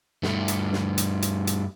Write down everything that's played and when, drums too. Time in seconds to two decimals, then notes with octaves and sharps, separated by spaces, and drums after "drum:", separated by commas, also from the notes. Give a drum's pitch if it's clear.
0.23 G2 A3, drum: snare
0.48 drum: hi-hat
0.73 drum: snare
0.98 drum: hi-hat
1.22 drum: hi-hat
1.47 drum: hi-hat